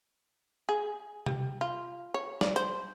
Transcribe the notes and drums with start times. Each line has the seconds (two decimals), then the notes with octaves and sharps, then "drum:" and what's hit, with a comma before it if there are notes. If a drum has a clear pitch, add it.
0.69 G#4
1.26 G3, drum: tom C3
1.61 F4
2.14 C#5
2.41 D5, drum: snare
2.56 C5, drum: hi-hat